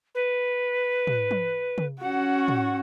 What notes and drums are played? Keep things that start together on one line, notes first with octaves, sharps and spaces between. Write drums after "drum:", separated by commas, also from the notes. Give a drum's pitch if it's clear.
B4
drum: tom
drum: tom
drum: tom
C#4 F#4 F#5
drum: tom